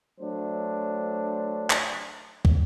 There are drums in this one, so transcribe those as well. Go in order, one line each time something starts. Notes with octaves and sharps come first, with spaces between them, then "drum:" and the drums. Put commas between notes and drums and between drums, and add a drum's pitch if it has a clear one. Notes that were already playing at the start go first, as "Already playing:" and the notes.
F#3 A3 D4 C5
drum: clap
drum: kick